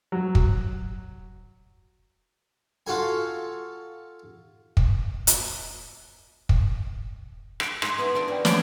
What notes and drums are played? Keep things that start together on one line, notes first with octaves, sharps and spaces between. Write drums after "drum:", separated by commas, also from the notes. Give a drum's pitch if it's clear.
F#3
drum: kick
F4 F#4 A4 G#5
drum: kick
drum: hi-hat
drum: kick
G5, drum: rim click
G#3 D#4 C6, drum: rim click
B3 D#4 E4
D4 F4 A#4
F#4 B4 D5 G5
C4 C#4 G#4 C#5 D7, drum: snare